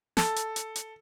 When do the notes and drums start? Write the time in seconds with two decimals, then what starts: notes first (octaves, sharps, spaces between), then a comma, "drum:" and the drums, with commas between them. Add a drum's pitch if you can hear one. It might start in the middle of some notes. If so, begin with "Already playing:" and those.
0.17 A4, drum: snare
0.36 drum: hi-hat
0.56 drum: hi-hat
0.76 drum: hi-hat